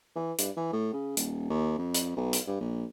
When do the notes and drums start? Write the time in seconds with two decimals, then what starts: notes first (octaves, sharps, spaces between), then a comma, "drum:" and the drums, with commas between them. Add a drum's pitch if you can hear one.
0.16 E3
0.38 G2, drum: hi-hat
0.57 E3
0.73 A2
0.93 C#3
1.17 D#1, drum: hi-hat
1.50 D#2
1.78 F2
1.94 drum: hi-hat
2.16 B1
2.33 drum: hi-hat
2.47 G2
2.61 A#1